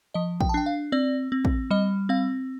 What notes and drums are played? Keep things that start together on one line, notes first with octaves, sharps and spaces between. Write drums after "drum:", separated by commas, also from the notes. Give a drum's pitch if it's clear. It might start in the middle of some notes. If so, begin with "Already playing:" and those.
F3 D#5
G5, drum: kick
A5
D4 G5
F5
C4 D5
C4
drum: kick
G3 D#5
C4 F5